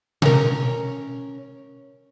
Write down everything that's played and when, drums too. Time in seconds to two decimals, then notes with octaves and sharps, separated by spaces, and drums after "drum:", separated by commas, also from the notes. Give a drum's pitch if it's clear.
0.22 C#4 A#4, drum: tom B2